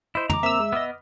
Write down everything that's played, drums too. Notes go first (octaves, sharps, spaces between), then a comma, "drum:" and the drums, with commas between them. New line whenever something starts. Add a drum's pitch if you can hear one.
E4 C5 D#5
A#5 D6, drum: tom
A#3 C4 A#4 E5 E6
G#3
B3 D#5 D6 D#6 F6